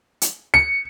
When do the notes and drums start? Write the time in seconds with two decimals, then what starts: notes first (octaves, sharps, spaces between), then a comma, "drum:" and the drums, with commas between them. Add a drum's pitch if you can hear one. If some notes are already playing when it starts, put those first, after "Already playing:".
0.21 drum: hi-hat
0.54 C#7